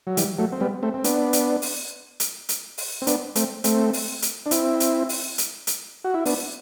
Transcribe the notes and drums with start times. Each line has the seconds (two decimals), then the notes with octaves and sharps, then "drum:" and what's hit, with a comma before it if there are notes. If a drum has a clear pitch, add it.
0.07 F#3
0.17 E3 G3, drum: hi-hat
0.39 F#3 A3
0.52 C4
0.60 G3 B3
0.83 A3 C4
0.94 C4
1.04 B3 D4, drum: hi-hat
1.33 drum: hi-hat
1.62 drum: open hi-hat
2.20 drum: hi-hat
2.49 drum: hi-hat
2.78 drum: open hi-hat
3.02 C4
3.07 B3 D4, drum: hi-hat
3.35 A3 C4, drum: hi-hat
3.64 A3 C4, drum: hi-hat
3.93 drum: open hi-hat
4.22 drum: hi-hat
4.46 D4
4.51 C4 E4, drum: hi-hat
4.80 drum: hi-hat
5.09 drum: open hi-hat
5.38 drum: hi-hat
5.67 drum: hi-hat
6.04 F#4
6.14 E4
6.25 B3 D4, drum: open hi-hat